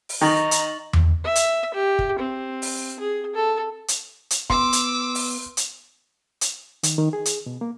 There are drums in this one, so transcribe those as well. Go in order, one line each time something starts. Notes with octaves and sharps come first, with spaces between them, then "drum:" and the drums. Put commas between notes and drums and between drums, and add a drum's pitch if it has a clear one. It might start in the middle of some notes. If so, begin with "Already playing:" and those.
drum: open hi-hat
D#3 D#4 A#5 C#6 A6 F#7
drum: hi-hat
drum: tom E2
E5
drum: hi-hat
G4
drum: kick
C4
drum: open hi-hat
G#4
A4
drum: hi-hat
drum: hi-hat
B3 C6 D6 E6, drum: kick
drum: hi-hat
drum: open hi-hat
drum: hi-hat
drum: hi-hat
D#3, drum: hi-hat
D#3
G#4
drum: hi-hat
B2
A#3